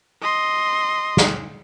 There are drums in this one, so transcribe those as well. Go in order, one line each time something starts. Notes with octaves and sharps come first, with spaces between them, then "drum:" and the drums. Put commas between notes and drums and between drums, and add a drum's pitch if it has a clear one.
D#5 C6
drum: snare